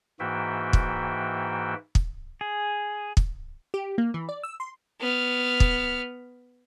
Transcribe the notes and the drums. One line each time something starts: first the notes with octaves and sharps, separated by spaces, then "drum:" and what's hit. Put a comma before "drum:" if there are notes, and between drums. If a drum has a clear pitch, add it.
G#2 E3 A#3 F#4 E5 G5
drum: kick
drum: kick
G#4
drum: kick
G4
A#3
E3
D5
E6
C6
B3 F6
drum: kick